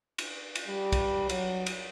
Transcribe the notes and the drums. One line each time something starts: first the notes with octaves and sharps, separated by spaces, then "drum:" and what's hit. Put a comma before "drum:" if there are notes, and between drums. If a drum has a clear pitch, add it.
drum: cymbal
drum: cymbal
G3
drum: kick, cymbal
F#3, drum: cymbal
drum: cymbal